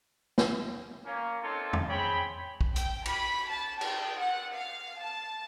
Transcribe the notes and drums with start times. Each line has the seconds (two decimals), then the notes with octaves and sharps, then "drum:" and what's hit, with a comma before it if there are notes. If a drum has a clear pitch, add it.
0.38 drum: snare
1.05 A#3 C#4
1.42 A#3 C4 D#4 F4 A4 C#5
1.73 drum: tom E2
1.89 C4 G#4 C#5 G5 B5
2.61 drum: kick
2.76 G5, drum: hi-hat
3.06 B5, drum: cymbal
3.51 A5
3.81 G5, drum: cymbal
4.19 F#5
4.54 F5
5.00 A5